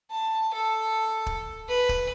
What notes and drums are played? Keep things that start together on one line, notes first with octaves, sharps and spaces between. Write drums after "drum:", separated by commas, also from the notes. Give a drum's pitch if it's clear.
A5
A4
drum: kick
B4
drum: kick